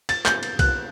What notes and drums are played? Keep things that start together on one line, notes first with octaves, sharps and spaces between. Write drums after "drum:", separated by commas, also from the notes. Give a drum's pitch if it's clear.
A6, drum: cymbal
G6, drum: clap
drum: cymbal
F#6, drum: kick, cymbal